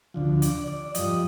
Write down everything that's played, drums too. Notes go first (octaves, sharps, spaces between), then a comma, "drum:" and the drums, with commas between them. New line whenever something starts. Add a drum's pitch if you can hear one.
D2 D3 F3
D5, drum: hi-hat
D5
G2 F3 D#5, drum: hi-hat